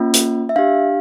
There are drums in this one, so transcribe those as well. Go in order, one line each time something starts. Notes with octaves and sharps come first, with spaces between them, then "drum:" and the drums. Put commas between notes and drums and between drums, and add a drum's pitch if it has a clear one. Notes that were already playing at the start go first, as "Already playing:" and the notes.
Already playing: A#3 C#4 F4
drum: hi-hat
E5
D4 G4 F5